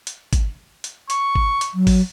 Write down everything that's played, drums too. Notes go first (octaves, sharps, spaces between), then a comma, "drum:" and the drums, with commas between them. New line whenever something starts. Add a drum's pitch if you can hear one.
drum: hi-hat
drum: kick G#1, hi-hat
drum: hi-hat
C#6, drum: hi-hat
drum: kick G#1
drum: hi-hat
F#3
drum: kick G#1, open hi-hat